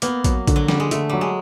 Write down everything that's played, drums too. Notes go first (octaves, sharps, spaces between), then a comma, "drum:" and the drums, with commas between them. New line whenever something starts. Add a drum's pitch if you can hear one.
A#3 B3, drum: hi-hat
F#3, drum: kick, hi-hat
D3, drum: kick, hi-hat
F#3
D3 G3, drum: snare F3
G#3
D3 A3, drum: hi-hat
F#3 G3
G#3